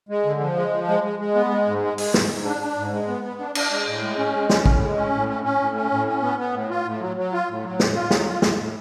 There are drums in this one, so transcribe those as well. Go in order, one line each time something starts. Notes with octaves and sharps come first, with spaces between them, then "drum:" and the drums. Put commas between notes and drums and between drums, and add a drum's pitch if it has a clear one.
G#3
D3
F3
G#3
F3
G#3
G#3
G#3
B3
G#3
G#2
G#3
G#3, drum: open hi-hat
G#2, drum: snare
G#2
D4
D4
G#2
G#3
B3
B3
D4
D4, drum: cymbal
G#3
A2
G#3
C#4
G#3
C#4, drum: snare
A2, drum: kick
G#3
C#4
A2
C#4
C#4
A2
C#4
A2
C#4
B3
B3
A2
F4
A2
F#3
F#3
F4
A2
F#3
A2, drum: snare
F4
F#3, drum: snare
F4
A2, drum: snare
A2